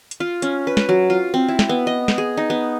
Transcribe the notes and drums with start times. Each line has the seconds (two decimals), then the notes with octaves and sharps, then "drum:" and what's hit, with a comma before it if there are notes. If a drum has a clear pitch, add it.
0.11 drum: hi-hat
0.20 F4
0.42 C#4, drum: hi-hat
0.67 B4
0.77 drum: snare
0.89 F#3
1.10 F4
1.34 C4
1.48 E4
1.59 drum: snare
1.69 B3
1.87 D#5
2.08 drum: snare
2.18 G#4
2.37 D#4
2.50 B3